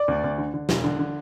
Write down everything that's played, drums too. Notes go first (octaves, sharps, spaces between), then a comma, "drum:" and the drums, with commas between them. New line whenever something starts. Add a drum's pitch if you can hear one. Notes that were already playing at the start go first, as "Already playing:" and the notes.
Already playing: D5
D2
D2
D3
D3
E1, drum: snare
D3
D3